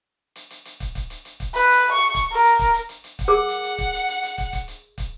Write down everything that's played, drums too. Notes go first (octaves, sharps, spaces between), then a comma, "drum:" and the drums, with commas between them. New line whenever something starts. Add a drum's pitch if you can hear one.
drum: hi-hat
drum: hi-hat
drum: hi-hat
drum: kick, hi-hat
drum: kick, hi-hat
drum: hi-hat
drum: hi-hat
drum: kick, hi-hat
B4, drum: hi-hat
drum: hi-hat
C#6
drum: kick, hi-hat
A#4
drum: hi-hat
drum: kick, hi-hat
drum: hi-hat
drum: hi-hat
drum: hi-hat
drum: kick, hi-hat
G#4 A#4 F#5 D6
drum: hi-hat
drum: hi-hat
drum: kick, hi-hat
drum: hi-hat
drum: hi-hat
drum: hi-hat
drum: kick, hi-hat
drum: kick, hi-hat
drum: hi-hat
drum: kick, hi-hat